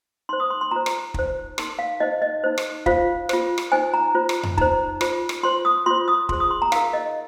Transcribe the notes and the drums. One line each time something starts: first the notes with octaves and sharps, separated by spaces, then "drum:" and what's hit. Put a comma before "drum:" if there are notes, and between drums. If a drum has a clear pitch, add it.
D#4 C5 C6
D#6
C6
C6
F4 C5 A#5
drum: rim click
D#4 C5, drum: kick
D#4 A#4 C6, drum: rim click
F5
D#4 C5 D#5
D#5
D#4 C5
drum: rim click
F4 C5 F5, drum: kick
F4 C5, drum: rim click
drum: rim click
D#4 C5 G#5
A#5
F4 C5
drum: rim click
drum: tom F2
D#4 C5 A#5, drum: kick
F4 C5, drum: rim click
drum: rim click
F4 C5 C6
D#6
F4 C5 C6
D#6
F4 G#4 C5 C6, drum: kick
D#6
C6
A#5
D#4 A#4 F5, drum: rim click
D#5